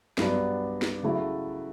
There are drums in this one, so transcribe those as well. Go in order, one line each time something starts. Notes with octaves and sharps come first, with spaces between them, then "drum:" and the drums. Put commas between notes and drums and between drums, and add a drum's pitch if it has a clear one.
G2 F#3 B3 D4, drum: snare
drum: snare
C#3 F#3 A3 E4